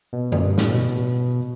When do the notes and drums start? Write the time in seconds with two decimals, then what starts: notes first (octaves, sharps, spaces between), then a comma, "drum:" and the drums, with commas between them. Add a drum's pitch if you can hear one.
0.13 B2
0.32 F#2, drum: tom D3
0.45 G2
0.58 A2, drum: snare
0.71 B2